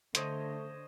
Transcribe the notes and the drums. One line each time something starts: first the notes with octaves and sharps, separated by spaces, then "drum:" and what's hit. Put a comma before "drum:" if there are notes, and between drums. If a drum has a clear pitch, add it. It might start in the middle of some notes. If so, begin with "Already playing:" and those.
D3 A3 C5 C#5 D#5, drum: hi-hat